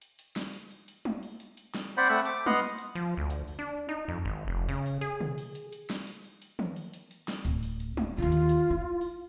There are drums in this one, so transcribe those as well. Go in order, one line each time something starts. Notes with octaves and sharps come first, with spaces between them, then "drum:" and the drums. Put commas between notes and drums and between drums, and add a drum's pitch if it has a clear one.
drum: hi-hat
drum: hi-hat
drum: snare
drum: hi-hat
drum: open hi-hat
drum: hi-hat
drum: tom
drum: open hi-hat
drum: hi-hat
drum: hi-hat
drum: snare
C4 C5 D5 F#5 G5 B5
A3 C4 F#5 B5 E6, drum: open hi-hat
D6, drum: hi-hat
B3 D#5 F#5 C6 F6 F#6, drum: tom
drum: open hi-hat
drum: hi-hat
F3, drum: hi-hat
D2
drum: hi-hat
drum: open hi-hat
D4
D#4
F2
G#1
F1
C#3, drum: hi-hat
drum: open hi-hat
G#4, drum: hi-hat
drum: tom
drum: open hi-hat
drum: hi-hat
drum: hi-hat
drum: snare
drum: hi-hat
drum: open hi-hat
drum: hi-hat
drum: tom
drum: open hi-hat
drum: hi-hat
drum: hi-hat
drum: snare
D1, drum: hi-hat
drum: open hi-hat
drum: hi-hat
drum: tom
D#2 D3 F4
drum: hi-hat
drum: hi-hat
E4
drum: open hi-hat